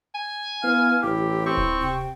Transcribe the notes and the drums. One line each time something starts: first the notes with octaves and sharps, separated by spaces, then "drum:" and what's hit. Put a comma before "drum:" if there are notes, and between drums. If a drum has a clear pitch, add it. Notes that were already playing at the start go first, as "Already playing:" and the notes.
G#5
B3 E4 F5
A1 E4 G4
C4 C#6
drum: kick D1
C3 G5